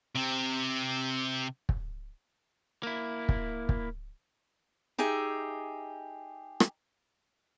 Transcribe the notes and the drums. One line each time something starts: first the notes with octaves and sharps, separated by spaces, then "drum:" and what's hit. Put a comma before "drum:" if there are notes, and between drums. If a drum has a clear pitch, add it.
C3 C4
drum: kick
A#3 E4
drum: kick
drum: kick
D#4 G4 G#4 E5
drum: rim click